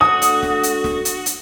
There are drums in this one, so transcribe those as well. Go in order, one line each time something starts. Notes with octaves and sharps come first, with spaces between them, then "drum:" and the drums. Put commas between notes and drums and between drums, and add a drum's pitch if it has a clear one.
D2 D3 F#4 D#6
drum: hi-hat
drum: snare
drum: hi-hat
drum: snare
drum: hi-hat
drum: hi-hat